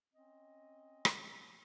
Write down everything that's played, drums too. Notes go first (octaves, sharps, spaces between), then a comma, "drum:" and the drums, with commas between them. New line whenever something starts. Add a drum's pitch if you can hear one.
C4 C#4 D#5
drum: rim click